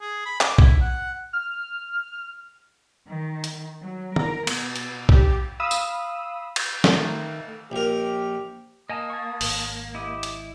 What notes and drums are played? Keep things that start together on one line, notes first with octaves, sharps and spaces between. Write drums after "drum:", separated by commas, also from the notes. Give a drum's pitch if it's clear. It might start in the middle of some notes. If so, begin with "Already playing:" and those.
G#4
B5
D6, drum: clap
E4, drum: kick
F#5
F6
D#3
drum: hi-hat
F#3
A#4, drum: tom
B2, drum: cymbal
drum: hi-hat
G4, drum: kick
F5 B5 D#6 E6
drum: tambourine
drum: cymbal
D#3 A3, drum: snare
A#1 G4 A#4
A#3 D#5 G#5 A5 D#6
A5 C#6
G#1, drum: open hi-hat
E4 G4 D#5
drum: hi-hat